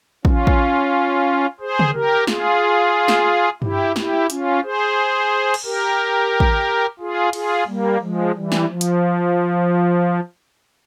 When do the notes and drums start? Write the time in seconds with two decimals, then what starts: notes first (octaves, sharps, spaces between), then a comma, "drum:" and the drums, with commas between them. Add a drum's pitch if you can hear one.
0.25 C#4 F4, drum: kick
0.47 drum: kick
1.60 G#4 C5
1.79 drum: tom C#3
1.94 G4 A#4
2.27 F4 G#4, drum: snare
3.08 drum: snare
3.62 E4 G4, drum: tom G2
3.96 E4 G4, drum: snare
4.30 C#4 F4, drum: hi-hat
4.63 G#4 C5
5.54 drum: cymbal
5.64 G4 A#4
6.40 drum: kick
6.99 F4 G#4
7.33 F4 G#4, drum: cymbal
7.67 G3 A#3
8.01 F3 G#3
8.35 E3 G3
8.52 drum: snare
8.68 F3
8.81 drum: hi-hat